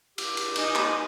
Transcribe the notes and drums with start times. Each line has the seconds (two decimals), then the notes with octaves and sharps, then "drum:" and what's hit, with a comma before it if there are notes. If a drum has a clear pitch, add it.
0.18 G4, drum: cymbal
0.37 drum: cymbal
0.56 D#4 D#5 G#5, drum: cymbal
0.75 drum: clap